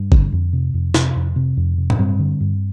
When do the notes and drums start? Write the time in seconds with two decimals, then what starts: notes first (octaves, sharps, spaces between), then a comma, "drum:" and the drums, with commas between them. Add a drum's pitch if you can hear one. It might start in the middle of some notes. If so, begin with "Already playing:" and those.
Already playing: G2
0.12 D3, drum: kick G#1
0.32 F2
0.53 C3
0.74 F2
0.94 C3, drum: snare
1.16 F2
1.36 C3
1.57 F2
1.78 C3
1.90 D4, drum: tom A2
1.99 G2 G3 C4
2.19 D3
2.40 G2